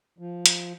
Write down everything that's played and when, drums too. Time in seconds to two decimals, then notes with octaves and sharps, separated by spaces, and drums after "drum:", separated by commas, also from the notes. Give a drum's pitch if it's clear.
0.18 F3
0.46 drum: hi-hat